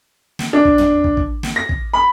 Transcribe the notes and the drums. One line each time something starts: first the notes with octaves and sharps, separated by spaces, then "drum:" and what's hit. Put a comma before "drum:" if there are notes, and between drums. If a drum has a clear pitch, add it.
drum: snare
D4
drum: kick
drum: tom
drum: kick
drum: kick
drum: snare
A#6
drum: kick
B5